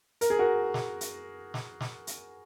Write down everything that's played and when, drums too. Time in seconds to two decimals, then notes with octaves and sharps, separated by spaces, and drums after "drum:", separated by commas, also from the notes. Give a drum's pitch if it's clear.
0.21 A#4, drum: hi-hat
0.30 G#4
0.39 F#4 A#4
0.74 drum: snare
1.01 drum: hi-hat
1.54 drum: snare
1.81 drum: snare
2.07 drum: hi-hat